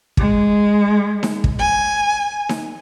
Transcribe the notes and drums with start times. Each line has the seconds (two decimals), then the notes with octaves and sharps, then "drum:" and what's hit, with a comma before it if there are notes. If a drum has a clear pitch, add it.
0.17 G#3, drum: kick
1.23 drum: snare D#4
1.44 drum: kick
1.59 G#5
2.49 drum: snare D#4